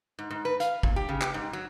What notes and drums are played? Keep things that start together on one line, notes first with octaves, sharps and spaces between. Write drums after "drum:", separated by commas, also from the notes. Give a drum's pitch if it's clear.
G#2
G#2
B4
F5, drum: hi-hat
A#2, drum: kick
G4
C#3
G4, drum: clap
G#2
F#3